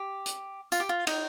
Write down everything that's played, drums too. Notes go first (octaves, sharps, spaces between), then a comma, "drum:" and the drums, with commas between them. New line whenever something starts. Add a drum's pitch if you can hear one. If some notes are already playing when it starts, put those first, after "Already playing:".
Already playing: G4
drum: hi-hat
F4, drum: tambourine
G4
F4
D#4, drum: cymbal